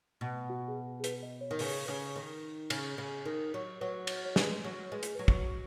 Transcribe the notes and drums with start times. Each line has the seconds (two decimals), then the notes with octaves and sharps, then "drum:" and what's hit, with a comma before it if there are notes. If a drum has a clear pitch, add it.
0.21 B2
0.50 F#4
0.68 G#4
1.00 G#4
1.04 B4, drum: hi-hat
1.23 D#5
1.41 C#5
1.51 D#3
1.59 C#3 B4, drum: open hi-hat
1.73 C#5
1.85 C#3 B4
2.16 D#3
2.70 C#3, drum: cymbal
2.98 C#3
3.25 D#3
3.54 F#3
3.81 F#3 B4
4.07 drum: cymbal
4.25 C#5
4.36 G#3 B4, drum: snare
4.64 F#3
4.92 G#3 B4
5.03 G#4, drum: hi-hat
5.15 F#3 B4
5.28 drum: kick